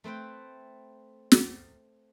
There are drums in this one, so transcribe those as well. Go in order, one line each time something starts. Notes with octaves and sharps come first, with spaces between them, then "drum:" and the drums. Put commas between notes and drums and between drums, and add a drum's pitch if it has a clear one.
A3 C4 B4 G5
drum: snare